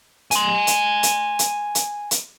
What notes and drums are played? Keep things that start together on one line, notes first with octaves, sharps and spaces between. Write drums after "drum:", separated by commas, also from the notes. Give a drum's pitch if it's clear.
G#5 C6, drum: hi-hat
drum: hi-hat
drum: hi-hat
drum: hi-hat
drum: hi-hat
drum: hi-hat